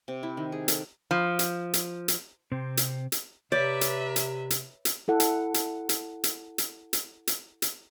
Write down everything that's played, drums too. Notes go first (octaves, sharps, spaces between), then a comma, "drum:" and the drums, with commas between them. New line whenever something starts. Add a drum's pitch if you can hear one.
C3
E4
D#3
G#4
A4, drum: hi-hat
F3
drum: hi-hat
drum: hi-hat
drum: hi-hat
C3 C4
drum: hi-hat
drum: hi-hat
C3 B4 C#5 D5 E5
drum: hi-hat
drum: hi-hat
drum: hi-hat
drum: hi-hat
E4 A4 F#5
drum: hi-hat
drum: hi-hat
drum: hi-hat
drum: hi-hat
drum: hi-hat
drum: hi-hat
drum: hi-hat
drum: hi-hat